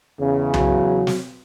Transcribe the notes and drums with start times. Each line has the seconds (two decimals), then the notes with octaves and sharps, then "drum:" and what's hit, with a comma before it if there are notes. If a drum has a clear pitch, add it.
0.20 E2 C#3
0.54 F#3, drum: tom C2
1.07 drum: snare